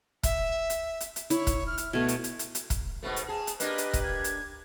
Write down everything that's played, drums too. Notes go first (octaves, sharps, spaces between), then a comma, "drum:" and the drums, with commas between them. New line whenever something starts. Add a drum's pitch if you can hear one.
E5, drum: kick, hi-hat
drum: hi-hat
drum: hi-hat
drum: hi-hat
E4 C#5, drum: hi-hat
drum: kick, hi-hat
F6
drum: hi-hat
B2 A3 G#6
drum: hi-hat
drum: hi-hat
drum: hi-hat
drum: hi-hat
drum: kick, hi-hat
G#2 B2 A3
drum: hi-hat
G#4 A5
drum: hi-hat
A#3 D4 G4 B4 D#5, drum: hi-hat
drum: hi-hat
drum: kick, hi-hat
G#6
drum: hi-hat